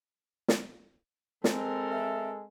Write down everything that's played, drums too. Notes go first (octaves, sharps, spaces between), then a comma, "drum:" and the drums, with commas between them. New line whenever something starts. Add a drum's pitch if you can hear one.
drum: snare
G#3 C4 A4 A#4, drum: snare
E5